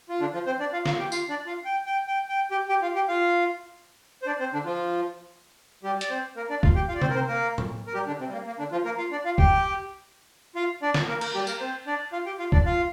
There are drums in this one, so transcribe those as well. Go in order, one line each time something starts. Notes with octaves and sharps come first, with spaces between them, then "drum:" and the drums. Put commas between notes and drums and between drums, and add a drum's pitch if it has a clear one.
F4
D3 D4
F3 F4
C4 C5
D4 D5
F4 F5
F4 F5, drum: snare
G4 G5
F4 F5, drum: tambourine
D4 D5
F4 F5
G5
G5
G5
G5
G4 G5
G4 G5
F4 F5
G4 G5
F4 F5
C5
D4 D5
C4 C5
D3 D4
F3 F4
G3 G4
D5, drum: hi-hat
C4 C5
A#3 A#4
D4 D5
F4 F5, drum: kick
G4 G5
F4 F5
D5
C4 C5, drum: tom C3
A#4
C4 C5
A#3 A#4
drum: tom
A#4
G3 G4
D3 D4
C3 C4
G3
A#3
A#3
D3 D4
F3 F4
A#3 A#4
F4 F5
D4 D5
F4 F5
G4 G5, drum: kick
F4 F5
D4 D5
drum: snare
A#3 A#4
A#3 A#4, drum: cymbal
G3 G4
A#3 A#4, drum: tambourine
C4 C5
D4 D5
F4 F5
G4 G5
F4 F5
D4 D5, drum: kick
F4 F5